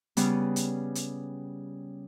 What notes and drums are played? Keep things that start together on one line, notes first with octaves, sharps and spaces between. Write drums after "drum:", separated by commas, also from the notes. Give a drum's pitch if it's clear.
C#3 G3 B3, drum: hi-hat
drum: hi-hat
drum: hi-hat